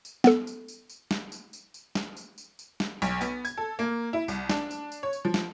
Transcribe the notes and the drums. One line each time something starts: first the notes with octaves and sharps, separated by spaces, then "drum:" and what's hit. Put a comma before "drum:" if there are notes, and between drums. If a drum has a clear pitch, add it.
drum: tambourine
B3 A4, drum: snare
drum: tambourine
drum: tambourine
drum: tambourine
drum: snare
drum: tambourine
drum: tambourine
drum: tambourine
drum: snare
drum: tambourine
drum: tambourine
drum: tambourine
drum: snare
B1, drum: tambourine
B3, drum: tambourine
G#6, drum: tambourine
A4
A#3
E4
C2, drum: tambourine
D4, drum: snare
drum: tambourine
drum: tambourine
C#5
drum: tambourine
F3
drum: snare